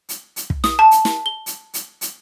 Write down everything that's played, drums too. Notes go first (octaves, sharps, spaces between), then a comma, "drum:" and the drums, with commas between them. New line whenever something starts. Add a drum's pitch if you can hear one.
drum: hi-hat
drum: hi-hat
drum: kick
D#6, drum: snare
A5
drum: hi-hat
drum: snare
G7
drum: hi-hat
drum: hi-hat
drum: hi-hat